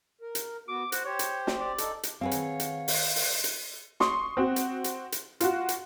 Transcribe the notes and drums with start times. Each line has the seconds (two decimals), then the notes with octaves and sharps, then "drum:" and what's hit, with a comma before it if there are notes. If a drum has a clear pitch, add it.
0.21 A#4
0.35 drum: hi-hat
0.68 B3 F#4 D6
0.92 F#4 C5, drum: hi-hat
1.05 G4 C5 C#5
1.19 drum: hi-hat
1.47 drum: snare
1.61 D5
1.78 D#4 A4, drum: hi-hat
2.03 drum: hi-hat
2.21 D#3 C4 G#4 B4 C#5 F5 F#5
2.31 drum: hi-hat
2.60 drum: hi-hat
2.88 drum: open hi-hat
3.16 drum: open hi-hat
3.44 drum: hi-hat
4.00 C6 C#6 D#6, drum: snare
4.37 C4 F#4
4.56 drum: hi-hat
4.84 drum: hi-hat
5.12 drum: hi-hat
5.40 F4 F#4, drum: hi-hat
5.69 drum: hi-hat